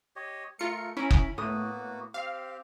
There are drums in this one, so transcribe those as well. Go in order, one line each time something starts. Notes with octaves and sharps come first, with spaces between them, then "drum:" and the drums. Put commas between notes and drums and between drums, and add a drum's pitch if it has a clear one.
G4 C#5 D#5
A3 F4 A#4 C#7
C#4 E4 A#5 B5
drum: kick
A2 A#3 B3 F#4 D#6
C4 G4 F5